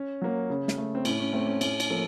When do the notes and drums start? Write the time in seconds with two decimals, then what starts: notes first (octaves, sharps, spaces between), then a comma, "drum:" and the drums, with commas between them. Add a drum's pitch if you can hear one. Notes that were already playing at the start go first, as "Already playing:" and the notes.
Already playing: C#4
0.22 F#3 A#3
0.50 C#3
0.68 drum: snare
0.78 A3
0.95 C4
1.05 A2 C#4, drum: cymbal
1.20 C#4
1.33 A3 C4
1.47 C#4
1.61 A2 C#4, drum: cymbal
1.80 drum: cymbal
1.90 F3 A#3 A4